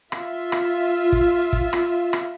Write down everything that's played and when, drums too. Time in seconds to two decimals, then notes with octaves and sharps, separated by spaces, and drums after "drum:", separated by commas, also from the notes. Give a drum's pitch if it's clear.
0.12 F4 E5, drum: rim click
0.52 drum: rim click
1.12 drum: kick
1.53 drum: kick
1.73 drum: rim click
2.13 drum: rim click